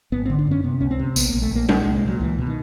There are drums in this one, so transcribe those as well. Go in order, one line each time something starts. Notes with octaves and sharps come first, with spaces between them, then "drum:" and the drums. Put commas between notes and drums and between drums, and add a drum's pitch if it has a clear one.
G#1 B3
C4
D3
D4
F#2 C#4
C3 B3
C#2 C#4
C4
C3
A#1 B3, drum: tambourine
A#3
A#1
A3
A#1 A#3
A#2 A3, drum: tom G3
G#3
C2
G#3
A#2 F#3
C#2 E3
B2
D#3